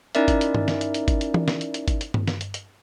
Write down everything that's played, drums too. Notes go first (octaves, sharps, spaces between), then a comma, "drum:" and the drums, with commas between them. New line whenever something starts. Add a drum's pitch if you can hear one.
C#4 D#4 E4 A#4 D5 E5, drum: hi-hat
drum: kick, hi-hat
drum: hi-hat
drum: tom G2
drum: snare
drum: hi-hat
drum: hi-hat
drum: kick, hi-hat
drum: hi-hat
drum: tom E3
drum: snare
drum: hi-hat
drum: hi-hat
drum: kick, hi-hat
drum: hi-hat
drum: tom G2
drum: snare
drum: hi-hat
drum: hi-hat